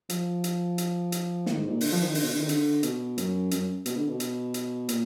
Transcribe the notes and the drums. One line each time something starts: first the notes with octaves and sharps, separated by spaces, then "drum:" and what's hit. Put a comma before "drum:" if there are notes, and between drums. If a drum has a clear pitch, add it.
F3, drum: hi-hat
drum: hi-hat
drum: hi-hat
drum: hi-hat
D#3, drum: snare
G#2
A#2
D3, drum: open hi-hat
F3
D#3
D3, drum: open hi-hat
B2
D3
D#3
D3, drum: hi-hat
B2, drum: hi-hat
F#2, drum: hi-hat
F#2, drum: hi-hat
B2, drum: hi-hat
D3
B2
drum: hi-hat
drum: hi-hat
A#2, drum: hi-hat